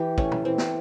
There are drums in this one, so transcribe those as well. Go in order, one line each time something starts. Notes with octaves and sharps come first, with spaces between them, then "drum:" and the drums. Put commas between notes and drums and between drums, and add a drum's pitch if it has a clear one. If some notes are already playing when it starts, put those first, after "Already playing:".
Already playing: E3 G4
A3 C#4, drum: kick
drum: tom
E3 C4
drum: snare